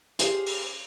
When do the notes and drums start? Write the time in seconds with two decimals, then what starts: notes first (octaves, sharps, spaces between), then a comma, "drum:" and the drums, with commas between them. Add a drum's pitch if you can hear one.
0.19 G4 G#4 C5 F5, drum: hi-hat
0.46 drum: open hi-hat